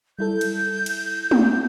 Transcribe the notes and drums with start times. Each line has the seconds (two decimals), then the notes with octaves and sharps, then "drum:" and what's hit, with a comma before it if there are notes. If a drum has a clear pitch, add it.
0.19 G3 E4 A4 G6
0.41 drum: cymbal
0.86 drum: cymbal
1.31 drum: tom